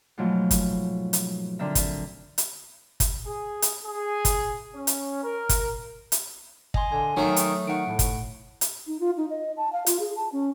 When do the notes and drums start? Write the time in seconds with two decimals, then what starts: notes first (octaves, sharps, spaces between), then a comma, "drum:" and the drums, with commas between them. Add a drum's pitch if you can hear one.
0.18 G#2 B2 F3 F#3 A3
0.51 drum: kick, hi-hat
1.13 drum: hi-hat
1.59 D3 C4 A#4 E5 A#5
1.75 drum: kick, hi-hat
2.38 drum: hi-hat
3.00 drum: kick, hi-hat
3.27 G#4
3.62 drum: hi-hat
3.86 G#4
4.25 drum: kick, hi-hat
4.74 C#4
4.87 drum: hi-hat
5.24 A#4
5.49 drum: kick, hi-hat
6.12 drum: hi-hat
6.74 D#5 G#5 C6, drum: kick
6.92 D3 G#5
7.17 D#3 F#3 A3
7.36 drum: hi-hat
7.67 D#3 F#5 D7
7.88 A2
7.99 drum: kick, hi-hat
8.61 drum: hi-hat
8.87 D#4
9.00 F4
9.17 D#4
9.30 D#5
9.57 A5
9.73 F5
9.86 F4, drum: hi-hat
10.00 G#4
10.16 A5
10.32 C#4